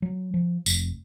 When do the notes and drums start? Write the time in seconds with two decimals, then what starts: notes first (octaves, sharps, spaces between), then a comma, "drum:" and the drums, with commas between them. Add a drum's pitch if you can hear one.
0.02 F#3
0.34 F3
0.66 F1, drum: tambourine